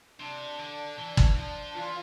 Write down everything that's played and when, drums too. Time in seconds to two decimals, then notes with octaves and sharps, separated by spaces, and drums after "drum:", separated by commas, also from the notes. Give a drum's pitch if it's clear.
0.20 C3 D4
0.59 D3
0.98 E3
1.17 drum: kick
1.37 F3
1.75 E3 F4